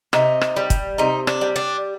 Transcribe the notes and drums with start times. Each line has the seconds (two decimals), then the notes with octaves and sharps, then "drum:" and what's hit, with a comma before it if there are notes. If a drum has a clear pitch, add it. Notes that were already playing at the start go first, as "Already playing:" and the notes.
0.13 C3 D#4, drum: rim click
0.41 drum: rim click
0.56 G3
0.70 drum: kick, hi-hat
0.98 C3 D#4
1.27 D4, drum: rim click
1.41 G3
1.56 D4